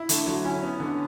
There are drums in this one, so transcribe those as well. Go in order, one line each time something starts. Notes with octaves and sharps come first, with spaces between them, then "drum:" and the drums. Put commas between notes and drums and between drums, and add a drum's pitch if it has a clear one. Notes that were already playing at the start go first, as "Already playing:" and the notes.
Already playing: E4
D3 A3, drum: hi-hat
F#3 A3
C#4 E4
B3 C#4
D3